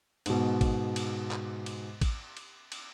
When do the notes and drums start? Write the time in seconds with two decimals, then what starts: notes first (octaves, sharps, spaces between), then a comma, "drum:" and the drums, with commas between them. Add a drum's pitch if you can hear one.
0.26 G#2 B2, drum: cymbal
0.61 drum: kick A1, cymbal
0.96 drum: cymbal
1.31 drum: clap
1.66 drum: cymbal
2.01 drum: kick A1, cymbal
2.37 drum: cymbal
2.72 drum: cymbal